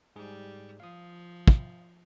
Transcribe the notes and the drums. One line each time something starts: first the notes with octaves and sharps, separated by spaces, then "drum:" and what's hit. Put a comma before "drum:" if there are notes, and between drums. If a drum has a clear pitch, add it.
G#2 G3 G#4
F3 F5 D#6
drum: kick